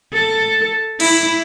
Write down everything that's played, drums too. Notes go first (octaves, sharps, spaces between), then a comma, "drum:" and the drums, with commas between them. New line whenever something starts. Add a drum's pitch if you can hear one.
A4
E4, drum: cymbal